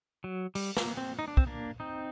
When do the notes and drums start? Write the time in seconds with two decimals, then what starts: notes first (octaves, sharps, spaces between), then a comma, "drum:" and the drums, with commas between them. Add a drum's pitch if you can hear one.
0.24 F#3
0.55 G3, drum: open hi-hat
0.77 A#3, drum: snare
0.97 C4
1.19 D#4
1.28 D4
1.37 C4, drum: kick
1.47 A#3 D4
1.80 C4 D#4